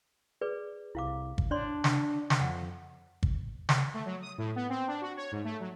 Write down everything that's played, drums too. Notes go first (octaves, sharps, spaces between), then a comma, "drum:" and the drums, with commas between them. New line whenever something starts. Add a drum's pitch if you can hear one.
G#4 B4 D5
C2 E4 F5 D6
drum: kick
D4 C#5 D5 C6
drum: snare
drum: snare
F2 F#5
drum: kick
drum: snare
A3
F#3
D#6
A2
B3
C4
D4
F#4
C#5
G#2
A3
F#3